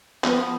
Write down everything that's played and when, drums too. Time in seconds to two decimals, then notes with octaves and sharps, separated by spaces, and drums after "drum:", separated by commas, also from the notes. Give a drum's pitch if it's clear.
0.24 F3 B3, drum: clap